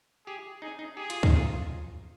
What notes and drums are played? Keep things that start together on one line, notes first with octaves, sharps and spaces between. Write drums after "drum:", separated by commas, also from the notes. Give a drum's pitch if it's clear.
G4 G#4
D#4 G#4
D#4
G4 G#4
F4, drum: hi-hat
D#4, drum: kick
F4